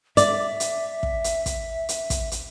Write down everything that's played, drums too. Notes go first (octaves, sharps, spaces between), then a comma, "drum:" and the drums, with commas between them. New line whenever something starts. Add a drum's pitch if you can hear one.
D5 E5, drum: hi-hat
drum: hi-hat
drum: kick
drum: hi-hat
drum: kick, hi-hat
drum: hi-hat
drum: kick, hi-hat
drum: hi-hat